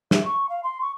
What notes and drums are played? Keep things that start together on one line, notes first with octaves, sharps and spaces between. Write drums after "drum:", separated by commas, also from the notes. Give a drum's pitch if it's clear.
E5, drum: snare
C#6
F5
C6
C#6